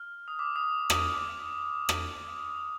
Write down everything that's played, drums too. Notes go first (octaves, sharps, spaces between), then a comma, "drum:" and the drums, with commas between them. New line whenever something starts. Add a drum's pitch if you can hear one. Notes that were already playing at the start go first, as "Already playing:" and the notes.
Already playing: F6
D#6
D6
D#6
D#6, drum: rim click
D6
drum: rim click
D#6
D#6